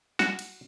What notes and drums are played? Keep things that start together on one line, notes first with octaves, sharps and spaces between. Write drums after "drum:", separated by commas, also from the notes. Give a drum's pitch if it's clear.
F#4, drum: snare
drum: cymbal